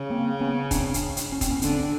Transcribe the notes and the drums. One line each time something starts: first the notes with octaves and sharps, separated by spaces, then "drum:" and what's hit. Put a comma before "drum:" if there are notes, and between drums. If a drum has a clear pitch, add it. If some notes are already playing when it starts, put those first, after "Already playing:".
Already playing: C#3
A#3 C4
B3 C#4
C4 D4, drum: kick, hi-hat
drum: hi-hat
drum: hi-hat
C#4
C4, drum: kick, hi-hat
B3 C#4
D3 C4 D4, drum: hi-hat